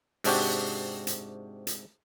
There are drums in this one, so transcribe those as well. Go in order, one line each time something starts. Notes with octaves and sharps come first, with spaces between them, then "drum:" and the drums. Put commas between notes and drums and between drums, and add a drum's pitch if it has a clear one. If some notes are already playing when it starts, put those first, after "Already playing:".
G#2 C3 D4 F#4 G4, drum: open hi-hat
drum: hi-hat
drum: hi-hat